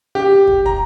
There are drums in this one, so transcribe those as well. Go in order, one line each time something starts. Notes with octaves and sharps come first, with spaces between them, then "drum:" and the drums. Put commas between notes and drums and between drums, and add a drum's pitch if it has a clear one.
G4
drum: kick
A#5, drum: kick